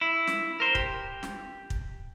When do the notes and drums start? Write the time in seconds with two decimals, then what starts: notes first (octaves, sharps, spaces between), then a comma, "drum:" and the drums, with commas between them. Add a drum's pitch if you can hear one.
0.01 E4
0.27 drum: snare
0.60 A#4 C5
0.75 G4, drum: kick
1.23 drum: snare
1.70 drum: kick